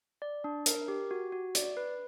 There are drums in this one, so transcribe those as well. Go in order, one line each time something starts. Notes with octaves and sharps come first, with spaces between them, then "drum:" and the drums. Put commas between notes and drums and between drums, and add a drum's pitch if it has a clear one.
D5
D4
A#4, drum: hi-hat
G4
F#4
F#4
D5, drum: hi-hat
B4